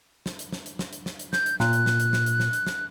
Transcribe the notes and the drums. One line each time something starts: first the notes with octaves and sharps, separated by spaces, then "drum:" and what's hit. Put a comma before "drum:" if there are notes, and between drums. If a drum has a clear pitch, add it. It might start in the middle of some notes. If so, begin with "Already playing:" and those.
drum: snare
drum: hi-hat
drum: snare
drum: hi-hat
drum: snare
drum: hi-hat
drum: snare
drum: hi-hat
G6, drum: snare
drum: hi-hat
A#2 F#6, drum: snare
drum: hi-hat
drum: snare
drum: hi-hat
drum: snare
drum: hi-hat
drum: snare
drum: hi-hat
drum: snare